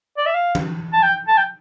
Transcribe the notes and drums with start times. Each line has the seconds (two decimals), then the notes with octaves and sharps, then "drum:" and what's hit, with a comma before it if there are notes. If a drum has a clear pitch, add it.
0.17 D5
0.26 E5
0.35 F5
0.55 drum: tom E3
0.93 A5
1.03 G5
1.28 A5
1.37 G5